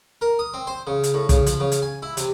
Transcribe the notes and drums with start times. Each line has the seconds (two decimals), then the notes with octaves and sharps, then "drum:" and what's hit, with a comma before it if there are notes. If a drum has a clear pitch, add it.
0.21 A#4
0.39 D#6
0.54 C4
0.67 C5
0.87 C#3
1.03 drum: hi-hat
1.14 A2
1.29 C#3, drum: kick, hi-hat
1.46 F3, drum: hi-hat
1.60 C#3
1.72 drum: hi-hat
1.82 G#5
2.02 E4
2.17 C3, drum: hi-hat